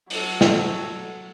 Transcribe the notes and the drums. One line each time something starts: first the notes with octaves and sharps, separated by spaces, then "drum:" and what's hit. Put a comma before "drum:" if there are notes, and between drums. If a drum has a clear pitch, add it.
F#3 A4, drum: open hi-hat
drum: snare